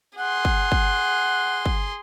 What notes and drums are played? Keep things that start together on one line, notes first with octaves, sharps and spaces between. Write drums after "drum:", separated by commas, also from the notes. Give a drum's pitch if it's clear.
G#4 F#5 C6
drum: kick
drum: kick
drum: kick